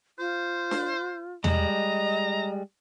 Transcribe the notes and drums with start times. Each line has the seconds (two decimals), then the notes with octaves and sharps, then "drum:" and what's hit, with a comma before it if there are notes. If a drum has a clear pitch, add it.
0.19 F4 C5
0.71 drum: snare D4
1.44 G3 G#3 D#5 A#5, drum: tom E2